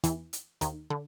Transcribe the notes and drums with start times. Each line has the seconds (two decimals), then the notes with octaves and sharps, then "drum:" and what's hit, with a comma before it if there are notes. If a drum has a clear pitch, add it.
0.04 E2 E3, drum: hi-hat
0.33 drum: hi-hat
0.61 D#2 D#3, drum: hi-hat
0.90 D3